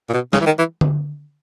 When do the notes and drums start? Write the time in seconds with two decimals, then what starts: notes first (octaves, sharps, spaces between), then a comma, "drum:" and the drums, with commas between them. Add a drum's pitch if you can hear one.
0.09 A#2
0.14 B2
0.33 C#3, drum: snare
0.41 E3
0.46 D#3
0.59 E3
0.81 drum: tom D3